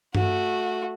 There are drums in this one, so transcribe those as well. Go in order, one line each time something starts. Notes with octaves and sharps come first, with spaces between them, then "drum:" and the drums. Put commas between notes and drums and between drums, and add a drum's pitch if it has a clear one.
A3 F#4, drum: tom G2